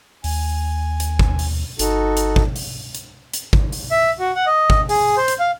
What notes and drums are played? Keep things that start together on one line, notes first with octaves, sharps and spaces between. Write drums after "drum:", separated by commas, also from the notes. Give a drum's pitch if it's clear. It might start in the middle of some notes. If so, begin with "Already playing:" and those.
D#2 G#5, drum: open hi-hat
drum: hi-hat
drum: kick
drum: open hi-hat
G1 D#4 F#4 A4, drum: hi-hat
drum: hi-hat
drum: kick
drum: open hi-hat
drum: hi-hat
drum: hi-hat
drum: kick
drum: open hi-hat
E5
F#4
F#5
D#5
drum: kick
G#4, drum: open hi-hat
C5
drum: hi-hat
F5